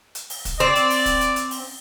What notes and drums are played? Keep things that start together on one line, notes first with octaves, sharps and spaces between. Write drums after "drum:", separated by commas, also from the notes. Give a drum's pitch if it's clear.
drum: hi-hat
drum: open hi-hat
drum: kick, hi-hat
C4 D5
drum: hi-hat
drum: open hi-hat
drum: kick, hi-hat
drum: hi-hat
drum: hi-hat
drum: open hi-hat